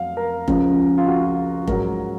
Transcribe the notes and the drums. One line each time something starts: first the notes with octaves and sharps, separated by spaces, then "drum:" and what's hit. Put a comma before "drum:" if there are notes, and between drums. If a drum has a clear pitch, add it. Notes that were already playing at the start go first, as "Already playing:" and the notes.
Already playing: F2 F#3 F5
A#4
C#2 C#3 F3, drum: kick F1
F4
F#4
F4
G#2 F#3 A#4, drum: kick F1